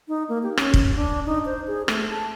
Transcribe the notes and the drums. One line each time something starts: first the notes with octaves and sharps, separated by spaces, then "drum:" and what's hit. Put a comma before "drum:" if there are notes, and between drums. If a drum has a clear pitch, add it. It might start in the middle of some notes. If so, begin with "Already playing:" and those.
D#4
A#3
G4
C#4, drum: rim click
drum: kick
D4
D#4
C5
G#4
A3, drum: rim click
A5